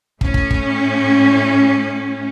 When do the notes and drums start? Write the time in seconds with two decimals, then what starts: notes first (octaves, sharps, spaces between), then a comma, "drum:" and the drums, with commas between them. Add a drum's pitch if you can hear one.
0.21 A2 C#4, drum: kick
0.34 drum: kick
0.51 drum: kick